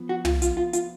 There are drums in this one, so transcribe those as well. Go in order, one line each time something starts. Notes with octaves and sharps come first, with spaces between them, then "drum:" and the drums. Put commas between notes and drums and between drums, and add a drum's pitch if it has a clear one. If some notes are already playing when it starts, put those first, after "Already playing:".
Already playing: F3 B3
F#4
F4, drum: tom
F4, drum: hi-hat
F4
F4, drum: hi-hat